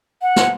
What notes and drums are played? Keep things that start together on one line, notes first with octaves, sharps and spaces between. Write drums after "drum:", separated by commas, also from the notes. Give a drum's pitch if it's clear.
F#5
drum: snare